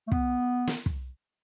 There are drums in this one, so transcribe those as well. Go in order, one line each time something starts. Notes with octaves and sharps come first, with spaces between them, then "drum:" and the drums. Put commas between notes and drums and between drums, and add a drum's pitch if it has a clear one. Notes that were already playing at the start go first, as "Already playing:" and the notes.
A3
B3, drum: kick
drum: snare
drum: kick